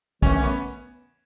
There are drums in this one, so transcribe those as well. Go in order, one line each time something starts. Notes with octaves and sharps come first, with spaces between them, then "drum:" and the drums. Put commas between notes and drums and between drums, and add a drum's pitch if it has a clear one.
F#2 E3 A3 C#4, drum: kick
C#4
B3